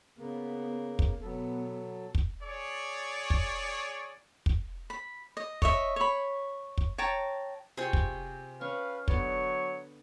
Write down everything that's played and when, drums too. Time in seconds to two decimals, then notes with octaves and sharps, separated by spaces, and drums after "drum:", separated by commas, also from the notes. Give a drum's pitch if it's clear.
0.18 C#3 A#3 B3
0.99 drum: kick
1.22 B2 F#3 B3 A4
2.15 drum: kick
2.42 G#4 C#5 D5
3.30 drum: kick
4.46 drum: kick
4.90 B5
5.37 D#5
5.62 C#5 D#5 E5, drum: kick
5.96 C#5 B5
6.78 drum: kick
6.98 C#5 G5 A5 A#5
7.77 C3 F4 G#4 G5 C#6
7.93 drum: kick
8.61 C#4 B4 F5 C#6
9.08 D3 F#3 B3 C#5, drum: kick